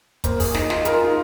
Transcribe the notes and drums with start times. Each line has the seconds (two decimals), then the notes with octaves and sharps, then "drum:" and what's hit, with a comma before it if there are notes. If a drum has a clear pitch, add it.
0.24 A#3 C5, drum: kick, hi-hat
0.40 G#4, drum: open hi-hat
0.54 D#4 D#5, drum: snare
0.70 F4, drum: snare
0.85 G#4 A#4, drum: hi-hat
0.94 F4
1.04 D#4